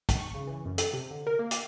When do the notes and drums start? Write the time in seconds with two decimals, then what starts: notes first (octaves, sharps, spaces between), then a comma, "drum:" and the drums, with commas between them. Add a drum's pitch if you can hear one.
0.09 drum: kick, hi-hat
0.19 C#6
0.34 C#3
0.47 E3
0.65 F#2
0.78 A4, drum: hi-hat
0.93 C3
1.11 D3
1.27 A#4
1.39 A#3
1.51 D6, drum: hi-hat